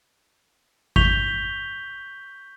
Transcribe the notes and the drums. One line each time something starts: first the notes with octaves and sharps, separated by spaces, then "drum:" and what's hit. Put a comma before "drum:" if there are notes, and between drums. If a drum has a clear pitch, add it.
C#6 G6 B6 F7 G7, drum: kick G#1